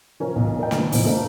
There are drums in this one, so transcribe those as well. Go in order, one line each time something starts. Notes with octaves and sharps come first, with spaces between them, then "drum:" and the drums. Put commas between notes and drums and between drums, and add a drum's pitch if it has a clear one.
F3 C#4 A#4
B1 E2
A#4 D5 D#5 G5
D#3 F3 A3 B3 C4 D4, drum: snare
B1 F2 E3, drum: open hi-hat
A3 A#3 C4 D4 A4 A#4